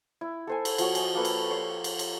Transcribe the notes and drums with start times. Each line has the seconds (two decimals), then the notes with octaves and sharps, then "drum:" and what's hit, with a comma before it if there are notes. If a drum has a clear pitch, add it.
0.21 E4
0.47 A4 C5 G#5
0.65 drum: cymbal
0.78 F3 F#4 C#5, drum: cymbal
0.95 D#5 G#5, drum: cymbal
1.15 A#3 A4 B4
1.25 drum: cymbal
1.51 C#5 C6
1.84 drum: cymbal
1.99 drum: cymbal